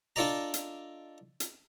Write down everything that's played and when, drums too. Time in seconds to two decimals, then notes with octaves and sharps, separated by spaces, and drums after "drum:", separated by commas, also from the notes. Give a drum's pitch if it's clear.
0.16 D4 F4 A4 D5 D#5 A#5
0.54 drum: hi-hat
1.40 drum: hi-hat